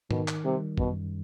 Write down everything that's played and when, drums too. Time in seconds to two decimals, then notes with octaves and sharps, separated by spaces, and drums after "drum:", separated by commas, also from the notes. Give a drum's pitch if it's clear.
0.11 B2 D#3, drum: tom G#2
0.28 drum: clap
0.45 C3 G3
0.78 F#2 B2, drum: kick A1